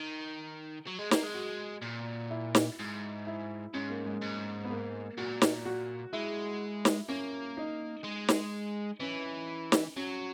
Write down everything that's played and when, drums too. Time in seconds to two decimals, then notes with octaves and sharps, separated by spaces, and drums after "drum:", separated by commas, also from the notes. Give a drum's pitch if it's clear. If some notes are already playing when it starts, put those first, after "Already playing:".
Already playing: D#3
0.87 F#3
0.99 G#3
1.11 A#3, drum: snare
1.23 G#3
1.34 F#4
1.82 A#2
2.30 E4
2.55 drum: snare
2.79 G#2
3.27 E4
3.74 G#2 C#4
3.90 A#3
4.06 G#3
4.21 G#2
4.65 B3
4.70 A#3
5.18 A#2 F#4
5.42 drum: snare
5.65 F#4
6.13 G#3 E4
6.85 drum: snare
7.08 A#3 C#4
7.57 D#4
8.04 G#3
8.28 drum: snare
9.00 E3 C#4
9.72 drum: snare
9.96 F#3 C#4